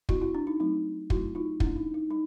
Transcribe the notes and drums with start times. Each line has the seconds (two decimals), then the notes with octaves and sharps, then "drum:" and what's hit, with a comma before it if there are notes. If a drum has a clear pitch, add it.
0.09 G3 C4 E4 F#4, drum: kick
0.22 E4 F#4
0.34 D4
0.47 D#4
0.60 F#3 A3 C4 D#4
1.10 F#3 A3 C4 E4 F#4, drum: kick
1.35 D#4 F4
1.60 G3 A#3 C#4 D4 E4, drum: kick
1.76 D#4
1.94 D#4
2.10 G3 D#4